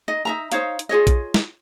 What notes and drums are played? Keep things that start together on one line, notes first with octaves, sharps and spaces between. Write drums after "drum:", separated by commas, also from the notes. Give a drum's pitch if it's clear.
D#4 D#5
D#4 E5 A#5
D#4 C5 C#5 F5, drum: hi-hat
drum: hi-hat
F4 G#4 C#5 D#5
drum: kick A#1, hi-hat
drum: snare